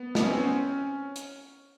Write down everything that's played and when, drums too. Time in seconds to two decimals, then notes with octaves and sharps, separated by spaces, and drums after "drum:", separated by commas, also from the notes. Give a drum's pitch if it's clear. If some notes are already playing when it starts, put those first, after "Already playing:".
Already playing: B3
0.15 B3, drum: snare
0.22 C#4
0.30 C4
0.39 C#4
1.16 drum: hi-hat